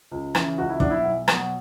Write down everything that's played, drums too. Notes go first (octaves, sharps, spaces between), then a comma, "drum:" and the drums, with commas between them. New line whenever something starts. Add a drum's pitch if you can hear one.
C#2
C#3 E3, drum: rim click
C#2 F#4
E4
B2 F#3 D4, drum: kick
E4
B1
B2 F#3, drum: rim click